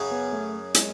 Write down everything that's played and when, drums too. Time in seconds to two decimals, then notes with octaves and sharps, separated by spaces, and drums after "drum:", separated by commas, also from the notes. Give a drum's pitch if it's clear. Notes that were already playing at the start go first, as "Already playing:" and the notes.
Already playing: F#2 C#3 F#3 C#4 G#4
0.11 B3
0.33 A3
0.74 G#3, drum: hi-hat